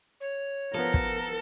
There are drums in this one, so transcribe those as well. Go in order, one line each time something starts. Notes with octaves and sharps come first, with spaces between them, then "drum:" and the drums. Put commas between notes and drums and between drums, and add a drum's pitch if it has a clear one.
C#5
F3 B3 A4 A#4
drum: kick